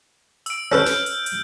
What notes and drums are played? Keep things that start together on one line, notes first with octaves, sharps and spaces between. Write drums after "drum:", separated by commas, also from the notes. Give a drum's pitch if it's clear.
E6 D7, drum: hi-hat
C#4 A4 B4 F6 G6
drum: snare
drum: hi-hat
drum: hi-hat